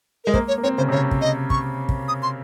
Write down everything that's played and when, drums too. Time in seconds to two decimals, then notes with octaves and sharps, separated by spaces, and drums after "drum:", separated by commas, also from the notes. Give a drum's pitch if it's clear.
0.25 G#3 A#4
0.34 A#3 C5, drum: kick
0.48 C#5
0.58 A#3
0.64 C4 C#5
0.77 C#3 C5
0.88 C3
0.91 C#3 C#5
1.11 drum: kick
1.21 D#5
1.50 C#6, drum: kick
1.89 drum: kick
2.08 D#6
2.22 C6